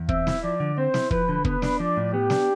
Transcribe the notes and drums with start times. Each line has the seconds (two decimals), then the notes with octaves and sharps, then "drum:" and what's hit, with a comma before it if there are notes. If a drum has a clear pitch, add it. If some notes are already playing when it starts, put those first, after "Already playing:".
Already playing: E2
0.09 C4 E5, drum: kick
0.27 E4, drum: snare
0.43 F3 D5
0.60 D3
0.78 C4 C5
0.94 E4, drum: snare
1.11 F3 B4, drum: kick
1.29 D3
1.44 B3 B4, drum: kick
1.62 D4, drum: snare
1.79 F3 D5
1.97 A2
2.13 B3 G4
2.30 D4, drum: snare